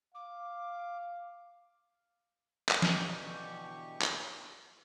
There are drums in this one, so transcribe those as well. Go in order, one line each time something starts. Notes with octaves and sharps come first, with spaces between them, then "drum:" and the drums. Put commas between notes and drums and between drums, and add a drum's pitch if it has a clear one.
F5 D6
drum: clap
B2 D3 E3 G4 C#6, drum: snare
drum: clap